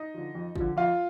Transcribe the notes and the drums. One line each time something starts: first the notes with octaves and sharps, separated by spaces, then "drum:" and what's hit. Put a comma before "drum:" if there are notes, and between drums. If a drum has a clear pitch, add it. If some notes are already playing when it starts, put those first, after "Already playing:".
Already playing: D#4 D#5
D3 F3
F2
D3 F3, drum: kick
F2 F4 F5